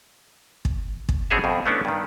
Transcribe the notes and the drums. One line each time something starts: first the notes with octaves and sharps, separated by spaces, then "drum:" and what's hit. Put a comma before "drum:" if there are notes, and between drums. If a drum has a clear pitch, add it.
drum: kick
drum: kick
B2 C4 D4 G#4 C#5 E5
F2 B2
A3 B3 C#4 D4 E4
G2 D#3